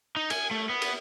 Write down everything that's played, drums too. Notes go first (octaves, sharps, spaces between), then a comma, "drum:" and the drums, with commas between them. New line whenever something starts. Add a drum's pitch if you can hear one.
D#4
G#5, drum: cymbal
A3
B3
drum: cymbal